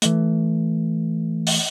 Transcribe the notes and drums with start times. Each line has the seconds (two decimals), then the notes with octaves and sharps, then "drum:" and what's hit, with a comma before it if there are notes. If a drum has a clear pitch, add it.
0.02 E3 A3, drum: hi-hat
1.47 drum: open hi-hat